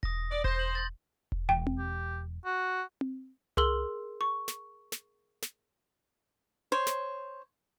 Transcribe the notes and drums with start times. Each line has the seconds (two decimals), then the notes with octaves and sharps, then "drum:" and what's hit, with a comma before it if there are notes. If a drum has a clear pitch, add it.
0.03 D#6 A#6, drum: kick E1
0.31 D5
0.44 C5 G6 A#6, drum: kick E1
0.59 F#7
0.75 C6 G6 A6
1.32 drum: kick E1
1.49 E1 G5
1.67 drum: tom C4
1.79 G4
2.45 F#4
3.01 drum: tom C4
3.57 G#4 A#4 C6 E6 F#7 G7, drum: tom C2
4.21 C#6
4.48 drum: snare
4.92 drum: snare
5.42 drum: snare
6.72 C5 C#5
6.87 drum: snare